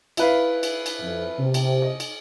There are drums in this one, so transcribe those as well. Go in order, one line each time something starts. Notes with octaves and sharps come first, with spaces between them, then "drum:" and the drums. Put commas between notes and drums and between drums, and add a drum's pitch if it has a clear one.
E4 B4 F5, drum: cymbal
drum: cymbal
drum: cymbal
F2
C3
drum: cymbal
D#5
drum: cymbal